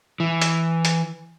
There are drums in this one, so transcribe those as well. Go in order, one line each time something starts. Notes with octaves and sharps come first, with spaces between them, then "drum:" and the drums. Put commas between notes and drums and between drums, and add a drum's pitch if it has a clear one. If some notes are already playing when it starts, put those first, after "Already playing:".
E3
drum: hi-hat
drum: hi-hat